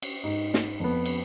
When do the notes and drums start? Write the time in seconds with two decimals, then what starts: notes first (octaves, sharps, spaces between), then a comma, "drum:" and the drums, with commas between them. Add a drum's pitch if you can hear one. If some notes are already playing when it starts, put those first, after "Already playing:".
0.02 drum: cymbal
0.24 G#2
0.54 drum: snare
0.80 F2 B3
1.06 drum: cymbal